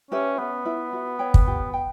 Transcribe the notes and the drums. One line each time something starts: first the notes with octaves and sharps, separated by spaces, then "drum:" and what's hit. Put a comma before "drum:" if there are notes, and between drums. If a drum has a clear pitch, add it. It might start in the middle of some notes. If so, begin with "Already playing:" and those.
C#4 G4 B4 E5
B3 C#4
E4 B4 E5
F#4
C#5 G5 B5
drum: kick
G4
G5